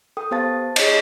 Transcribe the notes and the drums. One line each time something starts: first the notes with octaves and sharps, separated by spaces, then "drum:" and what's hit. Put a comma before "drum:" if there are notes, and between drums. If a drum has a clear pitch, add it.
A4 G5 D#6
B3 G4 C5 F5 A5 A6
G#4 C#5 D#5, drum: cymbal